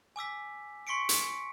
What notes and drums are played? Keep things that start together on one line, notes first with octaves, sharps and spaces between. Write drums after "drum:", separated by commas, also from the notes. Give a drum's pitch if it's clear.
G#5 D6 E6 B6
C6 C#6 B6 C#7 D7
drum: hi-hat